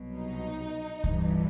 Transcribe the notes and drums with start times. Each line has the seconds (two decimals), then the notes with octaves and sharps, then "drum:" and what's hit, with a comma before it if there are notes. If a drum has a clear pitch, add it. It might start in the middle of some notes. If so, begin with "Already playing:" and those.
Already playing: C2 B2 F#3
0.17 D#4
1.04 G1 G2 E3, drum: kick C#2